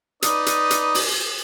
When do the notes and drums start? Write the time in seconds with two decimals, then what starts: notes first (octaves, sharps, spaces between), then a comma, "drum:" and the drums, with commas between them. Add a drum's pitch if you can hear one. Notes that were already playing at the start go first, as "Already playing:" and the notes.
0.22 D#4 B4 D5 D#6, drum: hi-hat
0.46 drum: hi-hat
0.71 drum: hi-hat
0.95 drum: open hi-hat